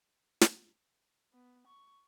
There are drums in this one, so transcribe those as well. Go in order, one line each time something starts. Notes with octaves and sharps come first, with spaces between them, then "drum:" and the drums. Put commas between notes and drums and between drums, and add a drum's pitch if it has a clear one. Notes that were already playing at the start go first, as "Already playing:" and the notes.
drum: snare
B3
C#6